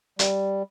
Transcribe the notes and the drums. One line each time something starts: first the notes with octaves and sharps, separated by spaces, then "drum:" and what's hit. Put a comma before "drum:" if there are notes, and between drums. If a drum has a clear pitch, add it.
G3, drum: hi-hat